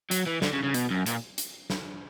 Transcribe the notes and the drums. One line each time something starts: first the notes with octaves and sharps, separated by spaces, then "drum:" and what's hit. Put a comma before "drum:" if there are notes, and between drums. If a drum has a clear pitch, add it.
F#3, drum: hi-hat
E3
D3, drum: snare
C#3
C#3
B2, drum: hi-hat
F#2
A#2, drum: hi-hat
drum: hi-hat
drum: snare